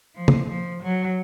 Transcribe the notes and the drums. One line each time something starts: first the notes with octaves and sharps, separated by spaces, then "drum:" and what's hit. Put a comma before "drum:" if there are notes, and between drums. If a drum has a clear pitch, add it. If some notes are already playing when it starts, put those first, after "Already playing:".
F3
drum: tom
F3
F#3